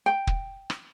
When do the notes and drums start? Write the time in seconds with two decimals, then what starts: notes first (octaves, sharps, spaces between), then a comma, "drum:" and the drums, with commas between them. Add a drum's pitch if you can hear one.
0.06 G5
0.27 drum: kick
0.70 drum: rim click